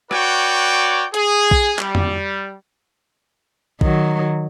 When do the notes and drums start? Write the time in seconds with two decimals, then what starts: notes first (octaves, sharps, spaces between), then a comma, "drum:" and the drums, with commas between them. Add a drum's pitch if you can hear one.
0.11 F#4 B4 C#5 D5 G5, drum: rim click
1.14 G#4, drum: hi-hat
1.51 drum: kick A#1
1.79 G3, drum: clap
1.95 drum: tom F2
3.81 D#3 F#3, drum: kick A#1